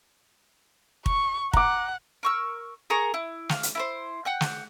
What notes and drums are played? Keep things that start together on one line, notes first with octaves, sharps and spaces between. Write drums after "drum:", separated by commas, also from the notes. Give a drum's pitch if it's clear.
C#6, drum: kick
F#5 A#5 D6, drum: kick
A#4 C#6 E6
G#4 A#4 A#5 C#6
E4
F5, drum: snare
drum: hi-hat
E4 B4 C5
F#5 G5 F#6
drum: snare